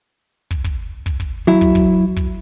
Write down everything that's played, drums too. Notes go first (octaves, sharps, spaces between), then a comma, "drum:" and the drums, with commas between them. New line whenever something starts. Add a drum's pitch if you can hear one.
drum: kick
drum: kick
drum: kick
drum: kick
F#3 E4
drum: kick
drum: kick
drum: kick